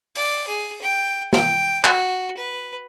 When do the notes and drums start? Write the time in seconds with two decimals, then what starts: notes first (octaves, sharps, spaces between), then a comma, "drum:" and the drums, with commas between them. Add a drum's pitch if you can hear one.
0.15 D5, drum: open hi-hat
0.48 G#4
0.81 G5
1.33 G5, drum: snare
1.84 F#4, drum: clap
2.37 B4